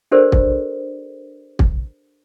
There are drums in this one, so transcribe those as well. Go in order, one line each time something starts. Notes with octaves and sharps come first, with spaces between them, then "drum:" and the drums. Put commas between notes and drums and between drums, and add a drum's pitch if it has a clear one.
D4 G4 A4 A#4 C5 D5
drum: kick
drum: kick